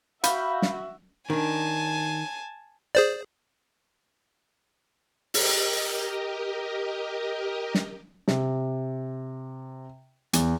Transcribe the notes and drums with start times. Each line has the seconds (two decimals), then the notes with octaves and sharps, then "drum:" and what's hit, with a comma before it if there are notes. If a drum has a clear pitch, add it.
0.24 F#4 E5 F5 B5 G6, drum: hi-hat
0.62 drum: snare
1.30 D#3 D4 G#5 A5
2.95 G#4 C5 D5
5.34 G4 A#4 D#5, drum: open hi-hat
7.75 drum: snare
8.28 C3, drum: snare
10.33 E2, drum: hi-hat